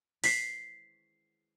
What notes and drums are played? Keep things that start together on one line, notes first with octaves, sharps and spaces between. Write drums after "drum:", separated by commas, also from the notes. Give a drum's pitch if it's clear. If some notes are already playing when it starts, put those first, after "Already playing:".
B6 C7, drum: open hi-hat